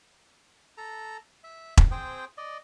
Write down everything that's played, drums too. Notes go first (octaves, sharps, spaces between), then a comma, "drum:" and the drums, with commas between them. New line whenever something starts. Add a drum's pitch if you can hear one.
A4 A#5
E5
drum: kick E1
C4 G#4 C5 G5
D5 D#5